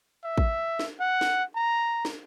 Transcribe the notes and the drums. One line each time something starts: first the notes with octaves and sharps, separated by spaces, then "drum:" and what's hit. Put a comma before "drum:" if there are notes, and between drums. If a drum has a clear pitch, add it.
E5
drum: kick A1
drum: snare
F#5
drum: snare
A#5
drum: snare